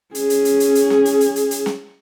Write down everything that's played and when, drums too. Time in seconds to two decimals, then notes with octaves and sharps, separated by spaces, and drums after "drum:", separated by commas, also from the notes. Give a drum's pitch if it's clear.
0.15 C#4 G#4, drum: hi-hat
0.30 drum: hi-hat
0.45 drum: hi-hat
0.60 drum: hi-hat
0.75 drum: hi-hat
0.90 drum: snare
1.05 drum: hi-hat
1.21 drum: hi-hat
1.36 drum: hi-hat
1.51 drum: hi-hat
1.66 drum: snare